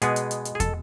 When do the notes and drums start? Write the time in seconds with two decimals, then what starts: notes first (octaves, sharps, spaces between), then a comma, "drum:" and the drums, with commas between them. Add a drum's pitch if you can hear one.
0.02 B2 G#3 B3 G#4, drum: hi-hat
0.16 drum: hi-hat
0.31 drum: hi-hat
0.45 drum: hi-hat
0.55 G#4
0.60 A4, drum: kick, hi-hat